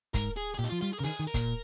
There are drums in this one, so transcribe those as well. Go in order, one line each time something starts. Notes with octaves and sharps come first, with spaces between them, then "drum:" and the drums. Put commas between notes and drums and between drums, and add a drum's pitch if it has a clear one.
G#2 A#4, drum: kick, hi-hat
G#4
G#4
A#2 G4
D#4
F3 F4
G3 F4
G#4
C#3 A#4
D#3 G#4, drum: open hi-hat
D#3
A#4
A#2, drum: kick, hi-hat